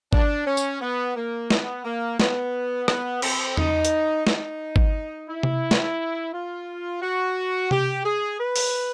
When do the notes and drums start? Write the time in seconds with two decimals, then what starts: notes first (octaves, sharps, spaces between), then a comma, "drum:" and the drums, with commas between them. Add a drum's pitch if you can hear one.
0.13 D4, drum: kick
0.47 C#4
0.57 drum: tambourine
0.81 B3
1.16 A#3
1.50 B3, drum: snare
1.85 A#3
2.20 B3, drum: snare
2.88 B3, drum: rim click
3.22 C4, drum: cymbal
3.57 D#4, drum: tom E2
3.85 drum: hi-hat
4.27 D#4, drum: snare
4.76 drum: kick
5.29 E4
5.43 drum: tom C3
5.71 drum: snare
6.33 F4
7.02 F#4
7.71 G4, drum: tom C3
8.05 G#4
8.40 B4
8.56 drum: open hi-hat